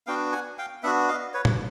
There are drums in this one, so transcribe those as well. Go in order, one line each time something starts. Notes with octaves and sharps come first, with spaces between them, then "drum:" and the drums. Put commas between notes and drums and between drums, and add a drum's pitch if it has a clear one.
B3 D4 F#4 F5 G5
F#5 G#5
F5 G5
B3 D4 F#4 E5 F#5
D#5 F5
B4 C#5
drum: tom